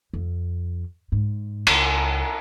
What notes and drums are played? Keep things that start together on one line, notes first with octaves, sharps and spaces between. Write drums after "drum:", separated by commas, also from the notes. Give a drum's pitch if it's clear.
F2
G#2
C#2, drum: cymbal